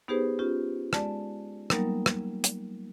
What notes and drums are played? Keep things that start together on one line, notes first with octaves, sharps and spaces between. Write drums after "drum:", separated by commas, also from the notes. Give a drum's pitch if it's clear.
B3 D#4 G4 G#4 B4 C5
C#4 F4 G4
G#3 D5 A5, drum: rim click
F#3 G3 A#3 B3 D#4 A#4, drum: rim click
drum: rim click
drum: hi-hat